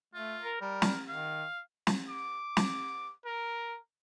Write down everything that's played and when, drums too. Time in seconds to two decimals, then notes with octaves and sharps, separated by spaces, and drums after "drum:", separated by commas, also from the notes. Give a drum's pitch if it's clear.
0.14 A3 F4
0.43 A#4
0.61 G3 A#4
0.82 drum: snare
1.08 D#3 F5
1.87 drum: snare
2.09 D6
2.57 drum: snare
3.25 A#4